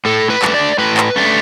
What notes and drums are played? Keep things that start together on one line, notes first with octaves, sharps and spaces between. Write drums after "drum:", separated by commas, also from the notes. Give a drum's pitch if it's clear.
A2 A4
B4
A3 D4, drum: clap
D5
A2 B4
drum: clap
A3 D4